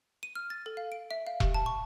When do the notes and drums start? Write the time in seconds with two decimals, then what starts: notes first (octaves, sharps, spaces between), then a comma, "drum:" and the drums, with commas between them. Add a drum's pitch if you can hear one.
0.23 D#7
0.35 F6
0.50 A6
0.66 A4
0.77 F5
0.92 D7
1.11 E5
1.27 F5
1.40 G4, drum: kick E1
1.54 A5
1.66 C#6